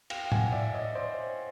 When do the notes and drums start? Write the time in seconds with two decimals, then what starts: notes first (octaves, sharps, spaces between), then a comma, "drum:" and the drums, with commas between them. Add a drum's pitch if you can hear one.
0.10 F5 G5, drum: cymbal
0.32 F#5 G#5, drum: tom A2
0.52 D5 E5
0.74 C#5 D#5
0.95 C5 D5